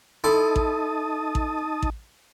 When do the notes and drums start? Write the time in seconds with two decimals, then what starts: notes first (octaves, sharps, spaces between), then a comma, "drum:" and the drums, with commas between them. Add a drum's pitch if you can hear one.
0.24 D#4 E4 A4 A5 C6 D#6
0.56 drum: kick A1
1.35 drum: kick A1
1.82 drum: kick A1